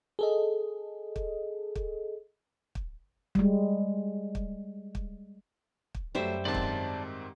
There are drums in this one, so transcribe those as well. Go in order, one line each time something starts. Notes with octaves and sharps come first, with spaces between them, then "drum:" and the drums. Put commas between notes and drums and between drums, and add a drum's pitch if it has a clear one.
G#4 A4 D#5
drum: kick
drum: kick
drum: kick
G3 G#3, drum: kick
drum: kick
drum: kick
drum: kick
F#2 F#3 G3 A3 C5 E5
G#2 D#3 C4 D5 A5
drum: kick